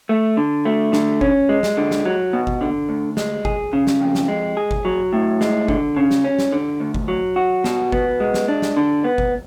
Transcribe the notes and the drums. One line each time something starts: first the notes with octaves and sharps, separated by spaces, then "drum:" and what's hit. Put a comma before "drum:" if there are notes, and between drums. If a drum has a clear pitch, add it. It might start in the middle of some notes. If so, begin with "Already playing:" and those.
A3
D3
A3
D3, drum: snare
C#4, drum: kick G1
G#3
drum: snare
D3
drum: snare
F#3
B2
drum: kick G1
D3
D2
G#3, drum: snare
G#4, drum: kick G1
C#3
drum: snare
F2
drum: snare
G#3
G#4
drum: kick G1
F#3
A2
G#3, drum: snare
D3, drum: kick G1
C#3
drum: snare
C#4
drum: snare
D3
D2
drum: kick G1
F#3
F#4
B2, drum: snare
B3, drum: kick G1
G#3
drum: snare
D4
drum: snare
D3
B3
drum: kick G1